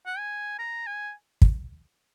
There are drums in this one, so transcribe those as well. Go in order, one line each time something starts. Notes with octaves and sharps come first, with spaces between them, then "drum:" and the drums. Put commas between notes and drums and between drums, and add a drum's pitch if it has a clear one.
F#5
G#5
A#5
G#5
drum: kick